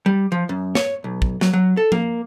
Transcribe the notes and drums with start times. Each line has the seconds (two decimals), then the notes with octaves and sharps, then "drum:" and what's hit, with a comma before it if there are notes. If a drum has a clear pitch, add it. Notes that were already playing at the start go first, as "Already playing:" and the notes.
0.06 G3
0.32 F3
0.49 F#2
0.75 C#5, drum: snare
1.04 B1
1.22 drum: kick
1.41 F#3, drum: snare
1.53 F#3
1.77 A4
1.92 A#3, drum: tom F3